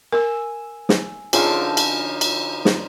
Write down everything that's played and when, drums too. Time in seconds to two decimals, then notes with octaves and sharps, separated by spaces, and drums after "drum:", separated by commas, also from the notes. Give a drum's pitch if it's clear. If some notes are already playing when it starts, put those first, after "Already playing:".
0.13 A#4 G#5 E6
0.89 drum: snare
1.33 D3 F3 C#4 D#4 F4 G#4, drum: cymbal
1.77 drum: cymbal
2.21 drum: cymbal
2.65 drum: snare